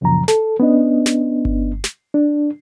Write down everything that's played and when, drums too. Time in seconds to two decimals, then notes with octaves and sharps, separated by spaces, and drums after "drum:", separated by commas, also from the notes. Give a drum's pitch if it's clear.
0.01 C#2 F#2 A#2 C#3 F3 A#5
0.28 A4, drum: snare
0.60 B3 C#4 D4 D#5
1.06 drum: snare
1.45 drum: kick G1
1.84 drum: snare
2.14 D4